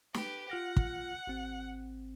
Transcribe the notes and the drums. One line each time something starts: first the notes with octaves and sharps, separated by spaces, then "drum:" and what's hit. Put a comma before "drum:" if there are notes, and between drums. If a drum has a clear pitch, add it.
G4 B4, drum: snare
F4 F#5 F6 A#6
drum: kick
G#1 C4